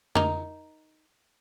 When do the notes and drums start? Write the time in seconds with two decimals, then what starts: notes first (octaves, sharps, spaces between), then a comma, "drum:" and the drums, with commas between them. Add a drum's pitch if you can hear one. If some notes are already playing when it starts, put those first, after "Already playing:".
0.15 D#4 A#4, drum: tom